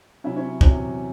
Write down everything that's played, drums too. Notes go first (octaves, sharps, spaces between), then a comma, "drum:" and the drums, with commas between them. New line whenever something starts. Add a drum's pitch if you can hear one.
C3 F#3 C#4 E4 E5
C#4 C#5
E2 C3 F#3 C#4 C#5, drum: kick